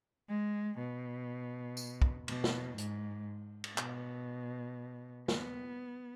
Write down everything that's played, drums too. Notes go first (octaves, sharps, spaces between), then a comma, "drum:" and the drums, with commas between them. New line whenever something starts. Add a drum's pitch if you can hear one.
G#3
B2
drum: tambourine
drum: kick
B2, drum: cymbal
drum: snare
G#2, drum: hi-hat
drum: cymbal
B2, drum: clap
B3, drum: snare